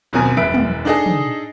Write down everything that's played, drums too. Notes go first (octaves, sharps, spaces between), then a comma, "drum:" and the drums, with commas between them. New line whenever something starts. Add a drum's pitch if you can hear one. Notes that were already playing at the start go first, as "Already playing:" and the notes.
D#1 F#2 B2 C4 A#4 G#5
E1 F#2 B4 E5 D7
drum: tom
D4 D#4 G#4 A4 D#5
drum: tom